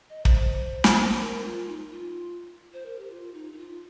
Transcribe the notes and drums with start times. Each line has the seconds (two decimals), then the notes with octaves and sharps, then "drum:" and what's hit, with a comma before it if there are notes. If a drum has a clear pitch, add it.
0.10 D#5
0.25 C5, drum: kick
0.84 drum: snare
1.11 C5
1.20 A#4
1.44 F4
1.68 D#4
1.92 F4
2.73 C5
2.86 A#4
2.99 G4
3.11 F4
3.34 D#4
3.53 D#4
3.58 F4